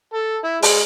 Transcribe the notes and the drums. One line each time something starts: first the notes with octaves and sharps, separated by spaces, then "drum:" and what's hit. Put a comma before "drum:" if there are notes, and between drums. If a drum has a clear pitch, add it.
A4
E4
G#3, drum: open hi-hat